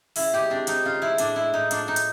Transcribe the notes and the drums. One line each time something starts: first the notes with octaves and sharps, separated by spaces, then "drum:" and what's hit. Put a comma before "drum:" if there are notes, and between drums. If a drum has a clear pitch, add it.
C#3 E4, drum: open hi-hat
G#3 G4
C4 D4
F3 D#4, drum: hi-hat
C#3 F4
G#3 E4
A2 D4, drum: hi-hat
G#3 E4
A2 D#4
F3 D4, drum: hi-hat
A2 D#4
drum: hi-hat